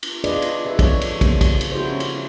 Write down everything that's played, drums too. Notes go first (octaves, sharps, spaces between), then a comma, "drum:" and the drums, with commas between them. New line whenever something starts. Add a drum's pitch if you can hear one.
drum: cymbal
D4 F4 G#4 B4 D5 D#5, drum: cymbal
drum: cymbal
G#4 B4 E5
F3 D4 A4 C#5, drum: kick, cymbal
drum: cymbal
C#3 G3 A#3 C#4, drum: kick, cymbal
drum: kick, cymbal
drum: cymbal
E4 F#4 G#4 C5
C#4
drum: cymbal